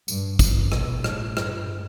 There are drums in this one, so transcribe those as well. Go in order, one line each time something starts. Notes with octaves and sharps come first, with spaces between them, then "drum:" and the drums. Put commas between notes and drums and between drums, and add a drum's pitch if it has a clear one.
G2, drum: tambourine
G2, drum: kick, tambourine
B2, drum: rim click
A2, drum: rim click
G2, drum: rim click